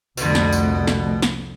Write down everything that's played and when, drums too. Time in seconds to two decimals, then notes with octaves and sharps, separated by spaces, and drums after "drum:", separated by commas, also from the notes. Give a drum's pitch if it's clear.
0.17 C2 F2 B2 D3 A3, drum: tambourine
0.35 drum: snare
0.52 drum: tambourine
0.87 drum: snare
1.22 drum: snare